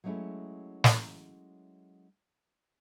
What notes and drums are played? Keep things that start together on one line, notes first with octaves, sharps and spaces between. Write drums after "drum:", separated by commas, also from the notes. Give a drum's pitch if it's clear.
F#3 G#3 A3 C#4 E4 G#4
drum: snare